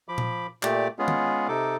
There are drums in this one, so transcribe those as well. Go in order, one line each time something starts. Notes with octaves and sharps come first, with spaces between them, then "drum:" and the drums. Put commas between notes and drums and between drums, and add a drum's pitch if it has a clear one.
F3 B5 D6
drum: tom A#2
A#2 A3 G4 D5 D6, drum: clap
G#3 B3 C#4 F4 G#4
drum: tom
C3 D#4 A4 D6